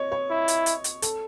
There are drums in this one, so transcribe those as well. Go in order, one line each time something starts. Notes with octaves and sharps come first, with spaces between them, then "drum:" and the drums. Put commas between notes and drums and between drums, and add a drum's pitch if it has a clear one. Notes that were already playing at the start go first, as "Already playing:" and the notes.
Already playing: C#5 D#5
C#5
E4
drum: hi-hat
drum: hi-hat
drum: hi-hat
A4, drum: hi-hat